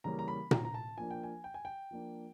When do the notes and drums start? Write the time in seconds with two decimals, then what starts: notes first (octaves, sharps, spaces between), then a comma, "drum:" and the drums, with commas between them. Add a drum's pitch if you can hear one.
0.04 C#3 E3 G3 A#3 C#4 A#5
0.19 A#5
0.28 B5
0.51 A#5, drum: tom A#2
0.65 A#5
0.74 A5
0.98 F3 A#3 D4 G#5
1.11 G5
1.23 G#5
1.44 G5
1.54 G#5
1.65 G5
1.91 F3 A#3 D4